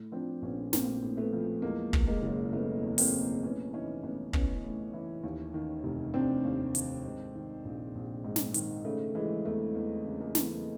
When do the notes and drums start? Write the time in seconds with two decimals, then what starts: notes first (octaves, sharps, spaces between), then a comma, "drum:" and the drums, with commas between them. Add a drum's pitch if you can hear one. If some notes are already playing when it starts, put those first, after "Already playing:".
Already playing: A2
0.12 F3 C4 D4
0.42 A#1 B3 C#4
0.73 A#1 A#3 C4, drum: snare
1.02 A2
1.17 A3 B3
1.33 F3
1.62 E2 G#3 A#3
1.93 B2, drum: kick
2.07 G#3 A#3
2.22 F#1
2.53 F#1 A3 B3
2.83 E2
2.98 A#3 C4, drum: open hi-hat
3.13 B2
3.43 A2 B3 C#4
3.73 E3 C#4 D#4
4.03 A1 B3 C#4
4.33 A1 B3 C#4, drum: kick
4.64 A2
4.93 E3
5.23 D#2
5.54 D#3
5.84 F1
6.14 F1 C4 D4
6.44 D#2
6.75 D#3, drum: hi-hat
7.04 G#2
7.35 D#3
7.65 A#1
7.95 A#1
8.24 G#2
8.36 drum: snare
8.54 D#3, drum: hi-hat
8.85 C#3 A3
9.15 E3 G#3
9.45 E2 A3
9.75 E2
10.05 C#3
10.20 G#3 A#3
10.35 E3, drum: snare